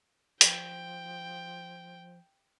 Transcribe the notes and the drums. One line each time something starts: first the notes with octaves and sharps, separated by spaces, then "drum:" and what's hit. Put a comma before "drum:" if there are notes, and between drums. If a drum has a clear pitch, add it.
F3 G5, drum: hi-hat